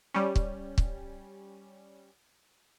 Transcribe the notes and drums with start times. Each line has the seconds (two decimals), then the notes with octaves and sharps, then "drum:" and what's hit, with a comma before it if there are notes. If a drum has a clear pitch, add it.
0.14 G3 C#4
0.36 drum: kick
0.78 drum: kick